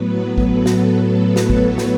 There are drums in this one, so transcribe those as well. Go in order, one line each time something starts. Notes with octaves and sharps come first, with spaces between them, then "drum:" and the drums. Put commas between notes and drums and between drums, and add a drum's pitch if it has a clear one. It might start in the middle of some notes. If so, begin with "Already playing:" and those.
Already playing: A2 F#3 B3 B4
A4, drum: kick
drum: snare
B4
drum: snare
A4 C#5, drum: kick
drum: snare